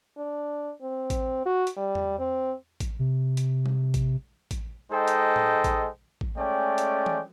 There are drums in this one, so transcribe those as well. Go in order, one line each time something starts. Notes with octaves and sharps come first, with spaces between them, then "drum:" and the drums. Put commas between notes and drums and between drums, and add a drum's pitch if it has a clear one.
D4
C4
drum: kick A1, hi-hat
F#4
drum: hi-hat
G3
drum: tom E2
C4
drum: kick A1, hi-hat
C3
drum: hi-hat
drum: tom G3
drum: kick A1, hi-hat
drum: kick A1, hi-hat
G#3 D#4 A4 C5 D#5 G5
drum: hi-hat
drum: tom A2
drum: kick A1, hi-hat
drum: kick A1
G#3 A3 C#4 D5 G5
drum: hi-hat
drum: tom E3